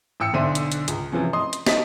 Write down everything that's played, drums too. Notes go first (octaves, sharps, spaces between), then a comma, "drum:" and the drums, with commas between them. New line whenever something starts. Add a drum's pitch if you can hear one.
A1 G5 E6 C#7
B1 D3 D4 C5 E5 D#7
drum: hi-hat
drum: hi-hat
C#2, drum: hi-hat
C3 E3 F3 C#4
D#5 C6 D#6
drum: hi-hat
D#4 D#5 B6, drum: snare